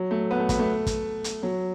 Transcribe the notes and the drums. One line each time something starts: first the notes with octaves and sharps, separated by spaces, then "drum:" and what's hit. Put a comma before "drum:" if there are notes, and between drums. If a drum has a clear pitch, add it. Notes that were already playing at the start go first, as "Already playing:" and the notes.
Already playing: F#3
A3
B3
A3
B3, drum: kick, hi-hat
A3
drum: kick, hi-hat
drum: hi-hat
F#3